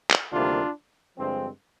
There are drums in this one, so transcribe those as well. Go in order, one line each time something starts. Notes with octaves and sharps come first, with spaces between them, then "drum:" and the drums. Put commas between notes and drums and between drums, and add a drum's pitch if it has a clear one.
drum: clap
D2 C3 D#3 G3 A#3 D4 F4
G2 D3 F3 G#3 C4